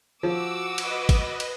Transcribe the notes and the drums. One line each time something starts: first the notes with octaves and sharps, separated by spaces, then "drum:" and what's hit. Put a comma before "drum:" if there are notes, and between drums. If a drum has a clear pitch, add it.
F3 F#4 D6 E6
B4 D#5, drum: cymbal
drum: kick, cymbal
drum: cymbal